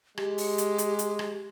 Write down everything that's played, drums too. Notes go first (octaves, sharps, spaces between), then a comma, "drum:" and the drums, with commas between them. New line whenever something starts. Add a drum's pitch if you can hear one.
G#3 G4, drum: rim click
drum: open hi-hat
drum: hi-hat
drum: hi-hat
drum: hi-hat
drum: rim click